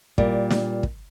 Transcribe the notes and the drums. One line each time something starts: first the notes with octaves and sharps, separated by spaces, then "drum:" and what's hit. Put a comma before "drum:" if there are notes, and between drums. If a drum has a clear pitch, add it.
A#2 G3, drum: kick
drum: snare
drum: kick